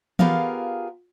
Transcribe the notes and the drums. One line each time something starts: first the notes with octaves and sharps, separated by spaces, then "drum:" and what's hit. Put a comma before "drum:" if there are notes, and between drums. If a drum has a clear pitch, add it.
B3 F4 G4 G#4 A#4 F5, drum: tom E3